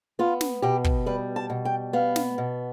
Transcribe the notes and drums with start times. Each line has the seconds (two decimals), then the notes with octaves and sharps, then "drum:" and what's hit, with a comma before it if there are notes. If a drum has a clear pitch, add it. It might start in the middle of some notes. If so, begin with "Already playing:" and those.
0.19 B3 F4
0.41 drum: snare
0.62 B2 G4
0.84 drum: kick
1.06 G3 B4
1.36 A5
1.50 B2
1.65 G5
1.93 B3 F5
2.16 drum: snare
2.38 B2